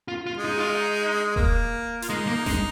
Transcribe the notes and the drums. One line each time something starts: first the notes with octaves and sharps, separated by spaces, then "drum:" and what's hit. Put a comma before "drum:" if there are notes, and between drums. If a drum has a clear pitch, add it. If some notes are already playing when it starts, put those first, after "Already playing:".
F4
F4
G#3
D#4
F4
D#4
A#3, drum: kick E1
F4, drum: hi-hat
G#3 D#4
A#3
G#3, drum: snare G1